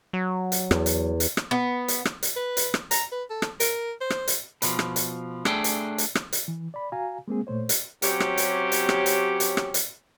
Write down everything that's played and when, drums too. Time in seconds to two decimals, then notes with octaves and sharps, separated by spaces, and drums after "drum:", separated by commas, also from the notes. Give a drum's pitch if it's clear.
0.13 F#3
0.52 drum: hi-hat
0.71 E2, drum: rim click
0.86 drum: hi-hat
1.20 drum: hi-hat
1.37 drum: rim click
1.51 B3
1.88 drum: hi-hat
2.05 drum: rim click
2.23 drum: hi-hat
2.36 B4
2.57 drum: hi-hat
2.74 drum: rim click
2.91 A#5, drum: hi-hat
3.12 B4
3.30 A4
3.42 drum: rim click
3.60 A#4, drum: hi-hat
4.01 C5
4.10 drum: rim click
4.28 drum: hi-hat
4.62 B2 F3, drum: hi-hat
4.79 drum: rim click
4.96 drum: hi-hat
5.45 A3 D4 G#4 G5, drum: rim click
5.64 drum: hi-hat
5.98 drum: hi-hat
6.15 drum: rim click
6.32 drum: hi-hat
6.48 E3
6.74 D5 B5
6.92 F#4 F5 G#5 A#5
7.28 G#3 A#3 C4 G#4
7.47 A#2 A3 C5 C#5
7.69 drum: hi-hat
8.02 C3 F#3 C#4 G4, drum: hi-hat
8.20 drum: rim click
8.37 drum: hi-hat
8.72 drum: hi-hat
8.89 drum: rim click
9.06 drum: hi-hat
9.40 drum: hi-hat
9.57 drum: rim click
9.74 drum: hi-hat